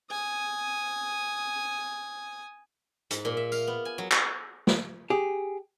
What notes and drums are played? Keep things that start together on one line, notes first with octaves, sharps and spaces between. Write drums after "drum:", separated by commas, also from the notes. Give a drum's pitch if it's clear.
G#5 D#6
G#2, drum: hi-hat
A#2
E5
F5, drum: tambourine
B3
G#5
F#3
drum: clap
drum: snare
G4 G#4